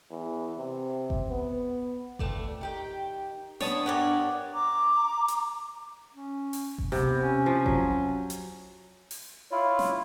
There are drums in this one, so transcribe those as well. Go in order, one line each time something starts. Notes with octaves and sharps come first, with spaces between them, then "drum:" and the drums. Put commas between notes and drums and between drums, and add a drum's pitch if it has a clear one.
E2
C3
drum: kick G1
B3
F2 A3 D5, drum: kick G1
D#3 G4 G5
B3 D4 C#5 A5 D#6, drum: snare
G2 B3 D4 A#4 C#5 D5
A#5 D6
drum: hi-hat
C#4
drum: open hi-hat
drum: kick G1
C3 B3, drum: snare
C#4
F3
F#3, drum: kick G1
drum: hi-hat
drum: open hi-hat
E4 F4 C#5
drum: snare